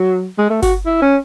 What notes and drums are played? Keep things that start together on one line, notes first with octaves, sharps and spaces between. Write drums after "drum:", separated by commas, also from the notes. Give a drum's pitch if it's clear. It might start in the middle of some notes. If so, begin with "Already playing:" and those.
Already playing: F#3
G#3
A3
F#4, drum: kick G1, open hi-hat
E4
C#4